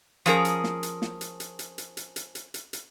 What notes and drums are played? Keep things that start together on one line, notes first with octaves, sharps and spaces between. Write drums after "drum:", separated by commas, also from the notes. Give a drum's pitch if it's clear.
F3 C#4 G#4 A#4, drum: hi-hat
drum: hi-hat
drum: snare
drum: hi-hat
drum: snare
drum: hi-hat
drum: hi-hat
drum: hi-hat
drum: hi-hat
drum: hi-hat
drum: hi-hat
drum: hi-hat
drum: hi-hat
drum: hi-hat